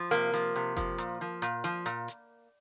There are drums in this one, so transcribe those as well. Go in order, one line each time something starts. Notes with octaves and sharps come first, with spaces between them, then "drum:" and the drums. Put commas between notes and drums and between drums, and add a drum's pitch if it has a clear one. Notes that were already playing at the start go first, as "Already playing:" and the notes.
Already playing: F3
C3 A#3, drum: hi-hat
F3, drum: hi-hat
C3
F3, drum: kick F#1, hi-hat
A#2, drum: hi-hat
F3
A#2, drum: hi-hat
F3, drum: hi-hat
A#2, drum: hi-hat
drum: hi-hat